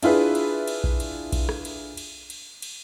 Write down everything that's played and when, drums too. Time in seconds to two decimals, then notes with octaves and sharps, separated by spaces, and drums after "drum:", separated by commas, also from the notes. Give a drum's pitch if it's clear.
0.03 D4 E4 F4 G#4 B4, drum: cymbal
0.35 drum: cymbal
0.67 drum: cymbal
0.84 drum: kick A#1
1.00 drum: cymbal
1.32 drum: kick A#1, cymbal
1.49 drum: rim click
1.65 drum: cymbal
1.97 drum: cymbal
2.30 drum: cymbal
2.62 drum: cymbal